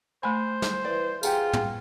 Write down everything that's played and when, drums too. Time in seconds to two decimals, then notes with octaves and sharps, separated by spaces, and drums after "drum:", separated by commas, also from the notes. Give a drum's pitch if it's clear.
0.23 A3 C5 G#5 B5
0.62 drum: snare
0.85 E3 D5
1.23 F4 G4 G#4 F#5 A#5, drum: tambourine
1.53 drum: tom